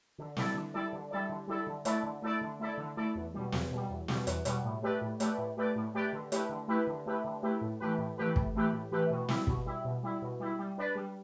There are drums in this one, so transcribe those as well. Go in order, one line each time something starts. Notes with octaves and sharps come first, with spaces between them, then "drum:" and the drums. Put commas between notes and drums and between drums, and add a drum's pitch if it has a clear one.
D3
G3 E4 A4 D5, drum: snare
D3
G3 E4 A4 D5
D3
G3 E4 A4 D5
D3
G3 E4 A4 D5
D3
A3 E4 A4 D5, drum: hi-hat
D3
A3 E4 A4 D5
D3
A3 E4 A4 D5
D3
A3 E4 A4 D5
E2
B2 G3
E2, drum: snare
B2 G3
E2
B2 G3, drum: snare
E2, drum: hi-hat
B2 G3, drum: hi-hat
A2
A3 G4 B4 D5
A2
A3 G4 B4 D5, drum: hi-hat
A2
A3 G4 B4 D5
A2
A3 G4 B4 D5
D3
A3 E4 G4 B4, drum: hi-hat
D3
A3 E4 G4 B4
D3
A3 E4 G4 B4
D3
A3 E4 G4 B4
A2
E3 A3 G4 B4
A2
E3 A3 G4 B4
A2, drum: kick
E3 A3 G4 B4
A2
E3 A3 G4 B4
B2
G3 E4, drum: snare
B2, drum: kick
G3 E4
B2
G3 E4
B2
G3 E4
G3
D4 B4 D5
G3